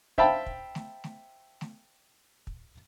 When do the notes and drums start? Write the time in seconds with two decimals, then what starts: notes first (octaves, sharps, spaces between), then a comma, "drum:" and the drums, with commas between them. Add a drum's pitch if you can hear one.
0.18 C5 E5 F5 G5 A5 B5, drum: kick
0.46 drum: kick
0.75 drum: snare A3
1.04 drum: snare A3
1.61 drum: snare A3
2.47 drum: kick